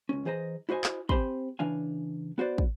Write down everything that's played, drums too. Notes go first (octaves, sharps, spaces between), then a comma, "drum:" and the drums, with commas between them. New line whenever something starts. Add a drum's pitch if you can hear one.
C#2 C#4
E3 G#4 C5 D#5 A#5
E4 F#4 C5 D#5 G#5
drum: clap
C4 G4 C5 G#5 B5 C6, drum: kick
C#3 E3 D4 F5 G#5
B3 F#4 C5 D5
drum: kick